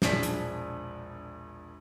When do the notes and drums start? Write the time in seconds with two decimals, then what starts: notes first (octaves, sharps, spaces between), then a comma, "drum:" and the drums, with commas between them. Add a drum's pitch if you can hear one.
0.02 E1 A#1 F3 D4 G#4 B6, drum: snare
0.23 drum: hi-hat